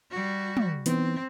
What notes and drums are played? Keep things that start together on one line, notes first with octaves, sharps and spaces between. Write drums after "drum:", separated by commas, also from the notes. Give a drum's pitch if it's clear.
G3 F#4
drum: tom
E3 B3 C4 D#4, drum: hi-hat